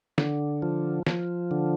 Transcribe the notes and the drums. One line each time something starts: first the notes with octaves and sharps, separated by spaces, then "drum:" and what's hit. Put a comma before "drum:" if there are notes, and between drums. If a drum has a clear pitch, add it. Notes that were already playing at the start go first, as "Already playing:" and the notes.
D3, drum: snare
F3
F3, drum: snare
D3